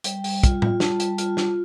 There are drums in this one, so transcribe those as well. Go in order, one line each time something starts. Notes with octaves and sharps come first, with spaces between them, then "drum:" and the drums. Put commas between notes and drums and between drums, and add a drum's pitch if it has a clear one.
G3 G5, drum: hi-hat
G3, drum: open hi-hat
F4, drum: kick, hi-hat
F4, drum: tom
G3 A5, drum: snare
G3, drum: hi-hat
F4, drum: hi-hat
F4, drum: snare